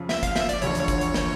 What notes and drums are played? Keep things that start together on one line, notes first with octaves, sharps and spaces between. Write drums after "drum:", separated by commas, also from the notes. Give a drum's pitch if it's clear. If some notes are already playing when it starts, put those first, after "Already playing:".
Already playing: F2 C#3 F3
E5, drum: snare
F5, drum: kick G1, hi-hat
E5, drum: snare
D5, drum: hi-hat
E1 D2 D3 F3 C#5, drum: hi-hat
drum: hi-hat
drum: kick G1, hi-hat
drum: hi-hat
drum: snare